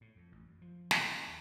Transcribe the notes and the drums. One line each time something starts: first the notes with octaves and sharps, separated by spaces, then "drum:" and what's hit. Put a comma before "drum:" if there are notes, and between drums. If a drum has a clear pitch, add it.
A2
F2
A1
F#2
F3
B2, drum: snare
C#4
D#2